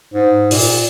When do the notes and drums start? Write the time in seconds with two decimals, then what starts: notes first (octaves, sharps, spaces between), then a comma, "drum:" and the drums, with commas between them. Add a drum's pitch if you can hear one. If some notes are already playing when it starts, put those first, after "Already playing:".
0.14 G#2
0.51 A#2, drum: open hi-hat